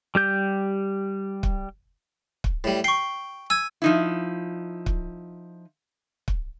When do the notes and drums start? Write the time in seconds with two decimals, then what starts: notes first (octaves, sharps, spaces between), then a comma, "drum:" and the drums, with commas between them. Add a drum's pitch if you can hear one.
0.15 G3 G4 G6
1.43 drum: kick
2.44 drum: kick
2.64 A2 G3
2.84 G5 C#6 C7
3.50 G#5 E6 G#6
3.82 F3 D#4 E4
4.86 drum: kick
6.28 drum: kick